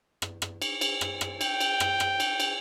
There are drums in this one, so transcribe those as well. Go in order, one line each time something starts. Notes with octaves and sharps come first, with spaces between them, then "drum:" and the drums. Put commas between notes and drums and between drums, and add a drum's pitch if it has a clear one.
drum: rim click
drum: rim click
drum: cymbal
drum: cymbal
drum: rim click
drum: rim click
G5, drum: cymbal
drum: cymbal
drum: rim click
drum: rim click
drum: cymbal
drum: cymbal